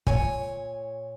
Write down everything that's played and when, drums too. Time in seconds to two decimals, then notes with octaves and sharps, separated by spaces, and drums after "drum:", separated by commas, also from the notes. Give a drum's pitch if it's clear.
0.07 A#2 C#5 G#5, drum: kick